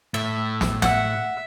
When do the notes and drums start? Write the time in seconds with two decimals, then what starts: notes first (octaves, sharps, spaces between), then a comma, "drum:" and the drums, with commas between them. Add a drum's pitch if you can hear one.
0.14 A2 E5
0.61 drum: snare
0.82 E5 F#5, drum: snare